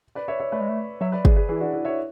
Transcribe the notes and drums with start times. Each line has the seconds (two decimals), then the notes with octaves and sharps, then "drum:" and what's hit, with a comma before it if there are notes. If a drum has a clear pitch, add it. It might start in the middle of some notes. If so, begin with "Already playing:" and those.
0.15 B4 D5
0.28 C#5 E5
0.40 C#5 E5
0.52 A3 B4 D5
0.61 G#3
0.69 A3
1.01 F#3 C#5 E5
1.12 B4 D5
1.25 G#4 B4, drum: kick
1.36 G#4 B4
1.49 E3 E4 G#4
1.61 D4 F#4
1.73 E4 G#4
1.85 C#5 E5